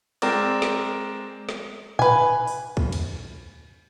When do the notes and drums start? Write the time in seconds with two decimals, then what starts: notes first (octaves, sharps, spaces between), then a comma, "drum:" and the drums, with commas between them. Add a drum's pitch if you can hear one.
0.22 G#3 C4 A#4 D5, drum: cymbal
0.62 drum: snare
1.49 drum: snare
1.99 B4 G#5, drum: tom A2
2.48 drum: open hi-hat
2.77 drum: kick
2.92 drum: cymbal